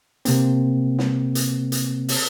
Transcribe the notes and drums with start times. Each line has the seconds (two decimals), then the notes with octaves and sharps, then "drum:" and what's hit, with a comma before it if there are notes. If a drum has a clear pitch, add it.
0.25 C3 A#3 C4, drum: hi-hat
0.99 drum: snare
1.35 drum: hi-hat
1.72 drum: hi-hat
2.08 drum: open hi-hat